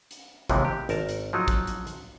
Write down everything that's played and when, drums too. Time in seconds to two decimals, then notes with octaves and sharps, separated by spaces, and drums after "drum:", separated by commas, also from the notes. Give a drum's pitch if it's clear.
0.11 drum: hi-hat
0.49 D#2 C3 E3 F3 G#3, drum: kick A1, hi-hat
0.65 G4
0.89 G#1 A#4 A5, drum: hi-hat
1.09 drum: hi-hat
1.33 F3 F#3 D#4
1.48 drum: kick A1, hi-hat
1.67 drum: hi-hat
1.87 drum: hi-hat